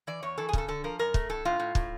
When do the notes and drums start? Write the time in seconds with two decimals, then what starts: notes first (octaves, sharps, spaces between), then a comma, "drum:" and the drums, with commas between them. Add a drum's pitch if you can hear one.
0.07 E3 D5
0.23 E2 C#5
0.38 E3 A4
0.49 G#4
0.53 C#3 A4, drum: kick
0.68 D3 A4
0.84 F3 A#4
0.99 F#2 A#4
1.14 A3, drum: kick
1.30 A2 A4
1.45 A2 F4
1.60 A2
1.75 A2, drum: kick